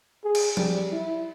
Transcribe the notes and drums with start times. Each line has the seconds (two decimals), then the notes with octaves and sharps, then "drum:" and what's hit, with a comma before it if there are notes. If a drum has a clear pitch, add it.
0.24 G#4
0.35 drum: cymbal
0.57 G3, drum: tom F3
0.92 E4